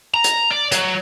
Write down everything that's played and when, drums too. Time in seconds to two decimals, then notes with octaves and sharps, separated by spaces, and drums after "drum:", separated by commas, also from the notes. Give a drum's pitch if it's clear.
0.14 A#5
0.24 drum: hi-hat
0.51 D5
0.72 F#3, drum: hi-hat